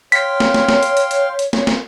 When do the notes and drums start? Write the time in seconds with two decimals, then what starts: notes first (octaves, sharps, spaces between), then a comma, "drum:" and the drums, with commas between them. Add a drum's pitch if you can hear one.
0.12 C#5 F5 G5 C6 B6, drum: hi-hat
0.40 drum: snare
0.54 drum: snare
0.69 drum: snare
0.83 drum: hi-hat
0.97 drum: hi-hat
1.11 drum: hi-hat
1.39 drum: hi-hat
1.53 drum: snare
1.67 drum: snare